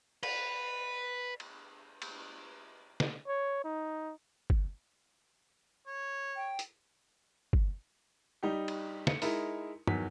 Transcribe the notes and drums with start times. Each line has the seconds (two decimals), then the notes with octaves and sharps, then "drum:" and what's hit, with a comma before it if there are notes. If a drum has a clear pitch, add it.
0.23 B4, drum: cymbal
1.40 drum: cymbal
2.02 drum: cymbal
3.00 drum: snare
3.27 C#5
3.64 D#4
4.50 drum: kick
5.87 C#5
6.36 G5
6.59 drum: hi-hat
7.53 drum: kick
8.43 G3 D#4 G4
8.68 drum: cymbal
9.07 C#7, drum: snare
9.22 G#3 D#4 E4 A#4, drum: open hi-hat
9.87 E2 D#3 F#3 B6, drum: tom